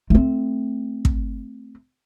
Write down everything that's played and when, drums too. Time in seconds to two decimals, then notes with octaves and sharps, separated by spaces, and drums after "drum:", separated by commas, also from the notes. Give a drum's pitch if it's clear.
0.10 A3 C4
1.05 drum: kick